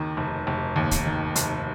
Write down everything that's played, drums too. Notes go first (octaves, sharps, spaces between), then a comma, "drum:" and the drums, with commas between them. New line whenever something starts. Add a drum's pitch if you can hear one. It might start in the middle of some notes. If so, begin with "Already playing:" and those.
Already playing: D#2 D#3
F1
F1
D#2
drum: kick, hi-hat
D#3
F1, drum: hi-hat